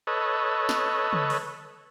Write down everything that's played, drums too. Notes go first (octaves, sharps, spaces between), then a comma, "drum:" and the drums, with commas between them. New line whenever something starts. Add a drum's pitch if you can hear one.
A4 B4 C#5 D#5
drum: snare
drum: tom C#3
drum: open hi-hat